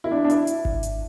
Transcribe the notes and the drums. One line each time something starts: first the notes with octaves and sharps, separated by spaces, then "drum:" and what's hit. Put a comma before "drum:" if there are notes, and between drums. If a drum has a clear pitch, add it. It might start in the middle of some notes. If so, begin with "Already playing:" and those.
E4
D4
D4
E4, drum: hi-hat
drum: hi-hat
drum: kick G#1
drum: hi-hat